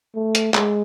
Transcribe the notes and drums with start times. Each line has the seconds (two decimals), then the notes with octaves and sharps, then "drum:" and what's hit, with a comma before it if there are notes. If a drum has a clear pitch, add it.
0.15 A3
0.35 drum: hi-hat
0.54 G#3, drum: clap